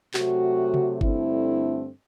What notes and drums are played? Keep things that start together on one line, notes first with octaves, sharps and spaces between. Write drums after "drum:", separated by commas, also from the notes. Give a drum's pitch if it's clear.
C3 F#3 A3 C4 F#4, drum: clap
drum: tom C3
G2 D3 A3 C4 E4, drum: kick G1